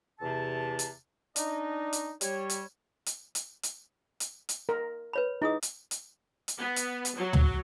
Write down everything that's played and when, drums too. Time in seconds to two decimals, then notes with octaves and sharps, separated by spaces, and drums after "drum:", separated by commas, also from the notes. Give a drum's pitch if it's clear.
0.20 E2 C3 A5
0.79 drum: hi-hat
1.36 D4 D#4 D#5, drum: hi-hat
1.93 drum: hi-hat
2.21 G3 C#5, drum: hi-hat
2.50 drum: hi-hat
3.06 drum: hi-hat
3.35 drum: hi-hat
3.63 drum: hi-hat
4.20 drum: hi-hat
4.49 drum: hi-hat
4.69 A#4
5.13 B4 C#5 B5
5.42 D#4 E4 G#4 D#6
5.63 drum: hi-hat
5.91 drum: hi-hat
6.48 drum: hi-hat
6.58 B3
6.76 drum: hi-hat
7.05 drum: hi-hat
7.17 F#3
7.33 drum: tom